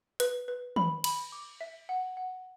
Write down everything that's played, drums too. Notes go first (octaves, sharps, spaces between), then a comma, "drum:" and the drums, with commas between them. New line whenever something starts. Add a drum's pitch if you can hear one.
B4, drum: hi-hat
B4
B5, drum: tom
B5, drum: cymbal
D6
E5
F#5
F#5